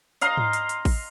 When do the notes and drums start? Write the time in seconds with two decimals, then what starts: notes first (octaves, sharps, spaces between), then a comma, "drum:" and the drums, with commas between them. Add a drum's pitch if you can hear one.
0.21 D#5 F5 A#5 C6, drum: hi-hat
0.37 drum: tom G#2
0.53 drum: hi-hat
0.69 drum: hi-hat
0.85 drum: kick A1, open hi-hat